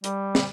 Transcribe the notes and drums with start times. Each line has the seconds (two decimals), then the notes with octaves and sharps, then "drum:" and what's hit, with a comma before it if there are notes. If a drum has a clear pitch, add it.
0.04 G3, drum: hi-hat
0.35 drum: snare